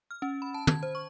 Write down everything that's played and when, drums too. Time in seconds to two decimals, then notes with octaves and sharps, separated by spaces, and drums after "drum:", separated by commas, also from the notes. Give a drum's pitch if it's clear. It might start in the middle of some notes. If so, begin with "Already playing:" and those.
0.11 F6
0.22 C#4
0.42 B5
0.54 A5
0.67 G#6, drum: tom
0.83 C5
0.95 C#6